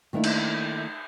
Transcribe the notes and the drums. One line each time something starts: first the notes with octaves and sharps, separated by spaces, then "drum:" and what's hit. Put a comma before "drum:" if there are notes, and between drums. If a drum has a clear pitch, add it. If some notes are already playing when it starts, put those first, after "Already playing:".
D#3 A3 A#3 D4 E4
drum: cymbal